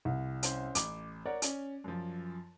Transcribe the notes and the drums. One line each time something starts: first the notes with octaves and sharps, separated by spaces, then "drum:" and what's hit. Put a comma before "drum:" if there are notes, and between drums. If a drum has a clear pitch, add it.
C2
C#4 C5, drum: hi-hat
A1 D6, drum: hi-hat
A#4 C#5 D5 F#5
C#4, drum: hi-hat
F#2 F3